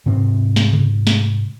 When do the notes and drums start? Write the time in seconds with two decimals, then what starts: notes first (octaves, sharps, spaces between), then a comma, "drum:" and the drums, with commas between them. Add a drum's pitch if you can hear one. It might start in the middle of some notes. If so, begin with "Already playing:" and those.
0.06 G#2 C3 C4
0.56 drum: snare
0.73 drum: tom C3
1.07 drum: snare